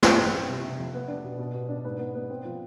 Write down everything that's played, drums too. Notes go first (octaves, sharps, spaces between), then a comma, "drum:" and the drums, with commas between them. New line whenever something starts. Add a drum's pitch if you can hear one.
G3 B4, drum: snare
C4
C4
C3
C3
F2
B3
D4
B2
B2
B2
D4
G#2 B4
B3
B3
C4
F3